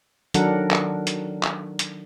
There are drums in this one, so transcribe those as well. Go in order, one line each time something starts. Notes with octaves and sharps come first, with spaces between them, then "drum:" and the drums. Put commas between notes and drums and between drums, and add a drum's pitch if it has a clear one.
D#3 F#3 D4 A4 A#4 F#5, drum: hi-hat
drum: clap
drum: hi-hat
drum: clap
drum: hi-hat